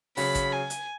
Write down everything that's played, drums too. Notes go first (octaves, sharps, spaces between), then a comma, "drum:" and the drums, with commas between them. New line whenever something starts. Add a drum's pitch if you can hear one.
C#3 F#3 B5, drum: open hi-hat
drum: kick G#1, hi-hat
G#5
drum: hi-hat